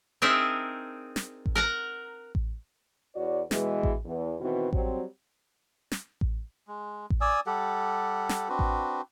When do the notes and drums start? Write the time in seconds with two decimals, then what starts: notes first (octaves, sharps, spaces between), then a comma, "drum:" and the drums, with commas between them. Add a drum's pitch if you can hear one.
0.22 C4 D4 D#4 G#4 A#4 E5
1.16 drum: snare
1.46 drum: kick A1
1.55 A#4 F#5 A#5
2.35 drum: kick A1
3.15 E2 F#4 C#5 D5
3.51 B2 E3 G#3, drum: snare
3.83 drum: kick A1
4.05 E2
4.40 B2 D#3 E3 C4 F#4
4.73 F#3 G3 C4, drum: kick A1
5.92 drum: snare
6.21 drum: kick A1
6.68 G#3
7.10 drum: kick A1
7.21 D5 G#5 D#6 E6
7.47 G3 G4 A4 F#5
8.29 drum: snare
8.49 C4 D4 F#4 B4
8.59 drum: kick A1